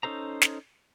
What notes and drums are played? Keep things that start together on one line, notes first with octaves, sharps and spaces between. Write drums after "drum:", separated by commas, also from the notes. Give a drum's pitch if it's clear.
C#4 D#4 A4 C5 A#5
drum: snare